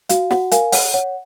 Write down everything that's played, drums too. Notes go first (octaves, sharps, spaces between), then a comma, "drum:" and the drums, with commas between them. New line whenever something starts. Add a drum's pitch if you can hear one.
F#4 F5, drum: hi-hat
F#4 F#5, drum: snare
A#4 F5 G#5, drum: hi-hat
C#5 F#5, drum: open hi-hat
C#5 F#5